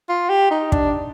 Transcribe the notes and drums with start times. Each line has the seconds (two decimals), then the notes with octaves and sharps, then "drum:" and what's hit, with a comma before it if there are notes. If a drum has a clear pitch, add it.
0.09 F4
0.29 G4
0.51 D#4
0.72 D4, drum: kick